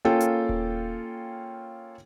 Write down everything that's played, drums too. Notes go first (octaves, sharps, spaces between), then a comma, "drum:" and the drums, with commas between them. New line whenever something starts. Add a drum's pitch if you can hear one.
A#3 C#4 F4 A4 G5
drum: hi-hat
drum: kick D#1